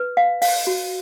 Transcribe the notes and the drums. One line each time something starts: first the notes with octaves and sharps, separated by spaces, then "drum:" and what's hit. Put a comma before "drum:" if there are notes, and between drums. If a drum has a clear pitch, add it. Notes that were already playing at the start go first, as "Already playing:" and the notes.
Already playing: B4
F5
F5, drum: open hi-hat
F#4